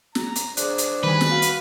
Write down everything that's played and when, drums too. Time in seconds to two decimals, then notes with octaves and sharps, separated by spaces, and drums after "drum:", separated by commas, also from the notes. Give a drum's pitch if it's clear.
0.15 A#5, drum: snare
0.36 drum: hi-hat
0.57 D4 G#4 C5 F#6, drum: hi-hat
0.78 drum: hi-hat
1.03 D#3 G3 B4 G#5
1.21 drum: snare
1.31 F#4 F5
1.42 drum: hi-hat